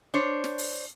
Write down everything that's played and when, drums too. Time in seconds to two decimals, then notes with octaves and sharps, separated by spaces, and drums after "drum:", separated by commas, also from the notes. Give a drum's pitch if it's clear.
0.14 D4 C5 C#5
0.44 drum: snare
0.58 drum: open hi-hat